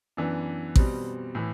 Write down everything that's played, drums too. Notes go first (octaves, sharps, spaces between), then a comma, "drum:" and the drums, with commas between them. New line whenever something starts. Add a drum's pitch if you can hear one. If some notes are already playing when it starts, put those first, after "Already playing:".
F#2 E3 B3 D4
B2 G3 C4, drum: kick A1
A2 E3